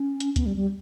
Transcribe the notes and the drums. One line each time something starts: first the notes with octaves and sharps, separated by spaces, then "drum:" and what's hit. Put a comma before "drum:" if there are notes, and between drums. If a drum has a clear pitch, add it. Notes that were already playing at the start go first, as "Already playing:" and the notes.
Already playing: C#4
drum: hi-hat
B3, drum: kick D2, hi-hat
G3
G3